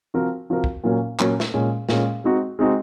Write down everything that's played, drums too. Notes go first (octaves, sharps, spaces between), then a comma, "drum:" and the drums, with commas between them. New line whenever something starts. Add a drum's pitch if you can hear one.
F3 C4 F#4 A#4
F3 C4 F#4 A#4
drum: kick
A#2 F#3 A#3 C#4
A#2 F#3 A#3 C#4, drum: clap
drum: snare
A#2 G#3 C#4
A#2 G#3 C#4, drum: snare
G#3 C4 D#4 F#4
G#3 C4 D#4 F#4